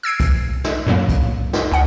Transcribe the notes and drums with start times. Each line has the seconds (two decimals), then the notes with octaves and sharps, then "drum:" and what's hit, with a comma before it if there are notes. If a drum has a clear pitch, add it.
0.03 E6 G#6 C7 D7
0.20 drum: kick B1, hi-hat
0.64 drum: snare
0.87 F#2 A2 F#3 A#3
1.09 drum: kick B1, hi-hat
1.53 drum: snare
1.72 C#2 F#5